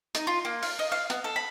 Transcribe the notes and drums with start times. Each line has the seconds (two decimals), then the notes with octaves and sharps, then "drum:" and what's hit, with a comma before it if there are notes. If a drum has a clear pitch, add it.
0.15 D#4, drum: hi-hat
0.27 F4
0.45 A#3
0.63 F5, drum: open hi-hat
0.79 D#5
0.92 F5
1.10 B3, drum: hi-hat
1.24 A4
1.36 B5